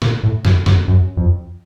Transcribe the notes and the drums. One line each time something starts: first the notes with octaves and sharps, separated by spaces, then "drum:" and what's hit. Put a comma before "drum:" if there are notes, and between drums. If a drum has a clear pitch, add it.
A#2, drum: snare
A2
F#2, drum: snare
F#2, drum: snare
F#2
F2